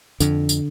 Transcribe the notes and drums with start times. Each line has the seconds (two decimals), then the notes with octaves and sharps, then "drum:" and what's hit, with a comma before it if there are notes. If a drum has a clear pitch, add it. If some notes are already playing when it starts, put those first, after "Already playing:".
0.20 F2 D3, drum: tambourine
0.49 drum: tambourine